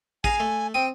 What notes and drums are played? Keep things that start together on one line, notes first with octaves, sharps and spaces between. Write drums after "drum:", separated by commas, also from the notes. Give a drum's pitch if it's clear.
G#4 F5 G#5 A#5, drum: kick
A3
C4 G5 D#6